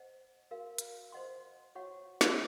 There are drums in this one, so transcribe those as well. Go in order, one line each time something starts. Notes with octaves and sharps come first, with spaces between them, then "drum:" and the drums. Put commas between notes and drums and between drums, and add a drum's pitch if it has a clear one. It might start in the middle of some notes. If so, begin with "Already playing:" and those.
Already playing: C5 D#5 F#5
F#4 A#4 F5
drum: hi-hat
C5 D#5 F#5 C6
F#4 C#5 F#5 C#6
drum: snare